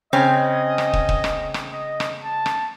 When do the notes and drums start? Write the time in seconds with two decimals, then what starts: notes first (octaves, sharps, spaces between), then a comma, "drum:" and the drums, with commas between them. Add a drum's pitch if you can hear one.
0.13 C#3 C4 C#4 D#5
0.78 drum: rim click
0.93 drum: kick
1.09 drum: kick
1.24 drum: rim click
1.54 drum: rim click
1.70 D#5
2.00 drum: rim click
2.23 A5
2.46 drum: rim click